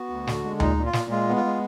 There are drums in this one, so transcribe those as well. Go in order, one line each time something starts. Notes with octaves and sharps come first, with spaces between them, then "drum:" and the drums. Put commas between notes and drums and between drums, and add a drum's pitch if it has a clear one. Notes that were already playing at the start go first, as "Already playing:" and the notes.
Already playing: B3 F#4
D2
D3, drum: snare
G#3
A#2 D#4, drum: tom D2
A#2
F4
A#2, drum: snare
G#3 F4
B3
F4
G#3